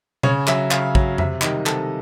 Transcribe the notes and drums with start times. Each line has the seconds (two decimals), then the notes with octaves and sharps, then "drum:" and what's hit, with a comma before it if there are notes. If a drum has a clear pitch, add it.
0.23 C#3 C#5, drum: tom B2
0.47 F#3 E5, drum: clap
0.71 C#3 F5, drum: clap
0.95 F#3, drum: kick
1.18 C3 E5, drum: tom F2
1.42 D#3 G3 D#5, drum: clap
1.66 C3 A4, drum: clap